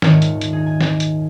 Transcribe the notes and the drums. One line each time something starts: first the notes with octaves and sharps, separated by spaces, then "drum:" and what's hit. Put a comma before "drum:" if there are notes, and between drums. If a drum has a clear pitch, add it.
D#1 G#2 D#3 C#5 F6, drum: snare
drum: hi-hat
drum: hi-hat
D#4 G#4
G#5
drum: snare
drum: hi-hat